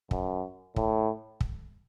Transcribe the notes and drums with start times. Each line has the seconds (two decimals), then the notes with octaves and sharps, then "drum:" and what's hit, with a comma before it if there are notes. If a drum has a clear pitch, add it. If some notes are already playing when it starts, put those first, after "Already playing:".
0.11 F#2, drum: kick
0.76 A2, drum: kick
1.41 drum: kick